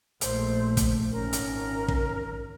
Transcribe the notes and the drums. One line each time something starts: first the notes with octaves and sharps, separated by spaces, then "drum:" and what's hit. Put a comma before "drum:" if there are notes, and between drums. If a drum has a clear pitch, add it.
A#1 A3 C5, drum: hi-hat
drum: kick, hi-hat
G#1 C#4 A#4
drum: hi-hat
drum: kick